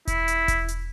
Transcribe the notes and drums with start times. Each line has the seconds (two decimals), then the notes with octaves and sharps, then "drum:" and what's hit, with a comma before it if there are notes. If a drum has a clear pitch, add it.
0.07 E4, drum: kick E1, hi-hat
0.28 drum: hi-hat
0.48 drum: kick E1, hi-hat
0.68 drum: hi-hat